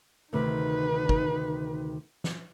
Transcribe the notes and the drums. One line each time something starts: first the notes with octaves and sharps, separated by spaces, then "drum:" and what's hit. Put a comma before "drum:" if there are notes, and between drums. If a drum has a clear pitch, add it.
D2 C3 D#3 D#4 B4
drum: kick
drum: snare